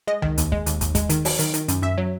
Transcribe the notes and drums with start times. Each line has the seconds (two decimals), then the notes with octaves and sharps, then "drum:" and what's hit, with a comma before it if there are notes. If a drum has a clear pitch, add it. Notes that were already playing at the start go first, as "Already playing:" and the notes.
0.07 G#3 D#5
0.22 D#3, drum: tom C#2
0.38 D#2, drum: hi-hat
0.52 G#3, drum: kick
0.66 D#2, drum: hi-hat
0.81 D#2, drum: kick, hi-hat
0.95 G#3, drum: kick, hi-hat
1.10 D#3, drum: hi-hat
1.25 F#3, drum: open hi-hat
1.39 D#3, drum: hi-hat
1.54 D#3, drum: hi-hat
1.68 F#2, drum: hi-hat
1.82 F#2 E5
1.98 F#3